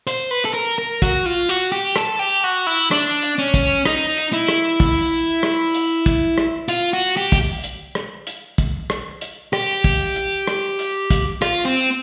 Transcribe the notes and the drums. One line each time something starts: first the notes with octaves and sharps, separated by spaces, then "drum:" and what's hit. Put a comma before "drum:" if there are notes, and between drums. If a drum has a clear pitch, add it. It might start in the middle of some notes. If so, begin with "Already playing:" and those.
C5, drum: hi-hat
B4
A4
A#4
A#4
F#4, drum: kick, hi-hat
F4
F#4
G4
A4, drum: rim click
G4
F#4
E4
D4, drum: rim click
drum: hi-hat
C#4
drum: kick, hi-hat
D#4, drum: rim click
drum: hi-hat
E4
drum: rim click
drum: kick, open hi-hat
drum: rim click
drum: hi-hat
drum: kick, hi-hat
drum: rim click
F4, drum: hi-hat
F#4
G4
drum: kick, open hi-hat
drum: hi-hat
drum: rim click
drum: hi-hat
drum: kick, hi-hat
drum: rim click
drum: hi-hat
G4, drum: rim click
drum: kick, open hi-hat
drum: hi-hat
drum: rim click
drum: hi-hat
drum: kick, hi-hat
F4, drum: rim click
C4